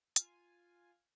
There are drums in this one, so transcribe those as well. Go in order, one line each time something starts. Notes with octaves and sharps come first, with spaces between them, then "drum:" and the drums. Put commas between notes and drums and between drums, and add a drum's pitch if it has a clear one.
F4 F5 G#5, drum: hi-hat